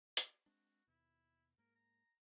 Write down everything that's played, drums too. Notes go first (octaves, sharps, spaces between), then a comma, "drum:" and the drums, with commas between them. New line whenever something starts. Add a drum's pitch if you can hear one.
drum: hi-hat
G#3 C4 D4 F#4
D#2 B2 E4
G#2 A#3 A#4
A#5